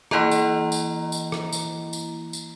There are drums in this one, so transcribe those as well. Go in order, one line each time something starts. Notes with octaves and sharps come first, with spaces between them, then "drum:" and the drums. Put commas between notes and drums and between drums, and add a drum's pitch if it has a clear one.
E3 A#3 E4 D#5 A#5, drum: rim click
drum: tambourine
drum: tambourine
drum: tambourine
drum: rim click
drum: tambourine
drum: tambourine
drum: tambourine